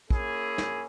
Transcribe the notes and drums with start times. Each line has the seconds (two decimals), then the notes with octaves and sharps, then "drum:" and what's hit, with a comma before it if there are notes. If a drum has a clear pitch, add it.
0.10 A#3 C#4 E4 G#4, drum: kick
0.58 drum: snare